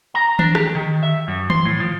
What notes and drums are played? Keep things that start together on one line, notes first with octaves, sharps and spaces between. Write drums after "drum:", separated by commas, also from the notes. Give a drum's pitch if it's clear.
A#5
D4, drum: tom D#3
G4, drum: rim click
D#3
E5
F#2
C6, drum: tom D#3
A2
F3